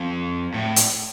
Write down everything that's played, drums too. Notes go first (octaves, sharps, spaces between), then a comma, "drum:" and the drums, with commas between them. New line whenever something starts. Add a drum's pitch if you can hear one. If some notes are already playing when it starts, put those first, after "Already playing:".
Already playing: F2
A2
drum: hi-hat